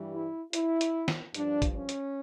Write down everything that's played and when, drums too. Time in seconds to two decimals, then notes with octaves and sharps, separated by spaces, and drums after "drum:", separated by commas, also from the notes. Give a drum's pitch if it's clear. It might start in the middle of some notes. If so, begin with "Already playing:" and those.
Already playing: G2 E3 G3
0.13 E4
0.53 E4, drum: hi-hat
0.81 drum: hi-hat
1.08 drum: snare
1.34 G2 F3 D4, drum: hi-hat
1.62 drum: kick, hi-hat
1.75 C#4
1.89 drum: hi-hat